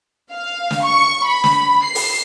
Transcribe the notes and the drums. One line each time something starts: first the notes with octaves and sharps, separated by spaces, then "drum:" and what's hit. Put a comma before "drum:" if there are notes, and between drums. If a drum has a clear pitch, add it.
F5
drum: snare
C#6
B5
drum: snare
C7
drum: open hi-hat